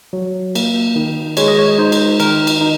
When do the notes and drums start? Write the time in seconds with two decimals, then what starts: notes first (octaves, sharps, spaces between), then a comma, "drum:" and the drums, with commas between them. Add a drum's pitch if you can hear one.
0.13 F#3
0.55 A#3, drum: cymbal
0.96 D#3
1.37 G#3 C#5, drum: cymbal
1.48 D#5
1.59 C#5
1.78 D#4 C5
1.92 drum: cymbal
2.20 D#3 A#4, drum: cymbal
2.47 drum: cymbal
2.61 D#4